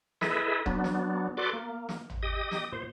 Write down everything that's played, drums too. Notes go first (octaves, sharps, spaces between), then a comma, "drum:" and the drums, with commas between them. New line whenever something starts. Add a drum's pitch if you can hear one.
E4 G#4 A4 B4 D#5 E5, drum: snare
F#3 B3 D4, drum: kick D#1
drum: snare
F#4 A4 B4 D5 C6 D6
A#3
drum: snare
drum: tom G#1
G4 D#5 D#6
drum: snare
A#2 C5